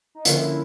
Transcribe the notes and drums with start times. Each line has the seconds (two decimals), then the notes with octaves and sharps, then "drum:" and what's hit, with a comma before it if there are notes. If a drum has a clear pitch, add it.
0.15 D#4
0.25 D3 F3 A#3 C#4 E4, drum: hi-hat